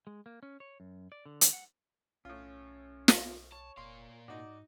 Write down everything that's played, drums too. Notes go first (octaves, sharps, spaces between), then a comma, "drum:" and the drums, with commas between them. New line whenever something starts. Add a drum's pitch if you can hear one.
G#3
A#3
C#4
C#5
F#2
D5
D3
drum: hi-hat
F#5
B1 A2 C#4 F4
drum: snare
C#5 A5
F1 A#2 F5 C6
G#2 D#4 F#4 D5